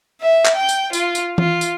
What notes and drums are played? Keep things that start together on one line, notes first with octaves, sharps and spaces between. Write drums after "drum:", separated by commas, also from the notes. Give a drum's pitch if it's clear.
E5
drum: clap
G5
drum: tambourine
F4, drum: tambourine
drum: tambourine
F4, drum: tom E3
drum: tambourine